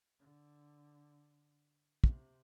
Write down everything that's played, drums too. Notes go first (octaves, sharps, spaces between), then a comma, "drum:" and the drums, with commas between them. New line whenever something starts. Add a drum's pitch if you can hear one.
D3
C3, drum: kick